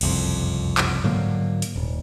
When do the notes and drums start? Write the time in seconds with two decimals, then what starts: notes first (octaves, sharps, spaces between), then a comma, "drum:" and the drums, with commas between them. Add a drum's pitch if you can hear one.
0.01 F#1 C2 F2, drum: cymbal
0.78 drum: clap
1.04 G#2 D3 F#3 A#3
1.62 drum: hi-hat
1.76 D#1